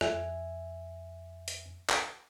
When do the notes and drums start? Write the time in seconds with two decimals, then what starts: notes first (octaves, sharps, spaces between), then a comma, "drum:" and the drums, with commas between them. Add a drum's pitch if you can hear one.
0.01 F2 E5 G#5, drum: rim click
1.48 drum: hi-hat
1.90 drum: clap